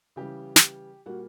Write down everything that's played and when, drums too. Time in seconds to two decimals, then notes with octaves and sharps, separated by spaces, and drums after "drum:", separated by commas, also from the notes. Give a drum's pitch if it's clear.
0.16 C#3 E3 G3 G4
0.56 drum: snare
1.06 A#2 G3 A#3 F#4